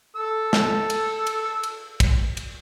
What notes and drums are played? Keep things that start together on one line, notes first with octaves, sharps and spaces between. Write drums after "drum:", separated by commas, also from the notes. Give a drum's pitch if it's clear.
A4 E6
drum: snare
drum: cymbal
drum: cymbal
drum: cymbal
drum: kick, cymbal
drum: cymbal